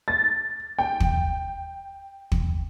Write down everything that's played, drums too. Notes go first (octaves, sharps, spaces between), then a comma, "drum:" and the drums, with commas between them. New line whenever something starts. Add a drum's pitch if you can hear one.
A6
G5
drum: kick
drum: kick